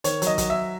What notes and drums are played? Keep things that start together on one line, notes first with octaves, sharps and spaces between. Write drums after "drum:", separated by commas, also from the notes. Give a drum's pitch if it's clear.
D#3 C#5, drum: hi-hat
F#3 D#5, drum: hi-hat
F#3, drum: kick, hi-hat
E5